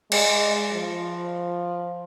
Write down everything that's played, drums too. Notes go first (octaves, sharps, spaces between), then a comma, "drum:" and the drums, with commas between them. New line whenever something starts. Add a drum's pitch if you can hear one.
G#3, drum: cymbal
F3